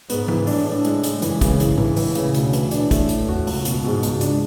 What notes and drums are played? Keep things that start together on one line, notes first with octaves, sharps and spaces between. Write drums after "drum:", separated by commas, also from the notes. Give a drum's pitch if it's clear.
G#2 B3, drum: hi-hat
E3, drum: tom F3
A2 D4, drum: open hi-hat
D4
G#3, drum: hi-hat
G#3, drum: hi-hat
F#2 E3, drum: hi-hat
C#3, drum: kick, hi-hat
G#2 E3, drum: hi-hat
E3, drum: tom A2
A2 E3, drum: open hi-hat
C#3, drum: hi-hat
D2 B2, drum: hi-hat
E3, drum: hi-hat
A2 D4, drum: hi-hat
A3, drum: kick, hi-hat
A3, drum: hi-hat
F#4, drum: tom E2
C#2, drum: open hi-hat
B2, drum: hi-hat
G#2 B2
C#2, drum: hi-hat
D4, drum: hi-hat